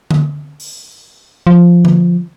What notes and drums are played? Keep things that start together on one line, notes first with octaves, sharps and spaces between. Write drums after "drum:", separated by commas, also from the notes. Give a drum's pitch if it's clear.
drum: tom D3
drum: open hi-hat
F3
drum: tom D3